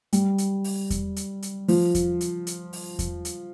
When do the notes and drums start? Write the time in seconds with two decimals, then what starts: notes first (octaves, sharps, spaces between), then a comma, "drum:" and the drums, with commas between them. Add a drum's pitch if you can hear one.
0.13 G3, drum: hi-hat
0.38 drum: hi-hat
0.64 drum: open hi-hat
0.90 drum: kick E2, hi-hat
1.16 drum: hi-hat
1.42 drum: hi-hat
1.68 F3, drum: open hi-hat
1.95 drum: kick E2, hi-hat
2.21 drum: hi-hat
2.47 drum: hi-hat
2.73 drum: open hi-hat
2.99 drum: kick E2, hi-hat
3.25 drum: hi-hat